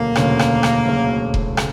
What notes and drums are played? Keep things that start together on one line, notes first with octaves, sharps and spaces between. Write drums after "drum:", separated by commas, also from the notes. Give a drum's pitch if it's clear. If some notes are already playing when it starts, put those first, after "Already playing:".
Already playing: E1 D2 C#3 F#3 A3 A#3
E1 D2 C#3 F#3 A3, drum: rim click
drum: rim click
drum: rim click
E1 D2 C#3 F#3 A3
drum: kick E1
C#3 A3, drum: rim click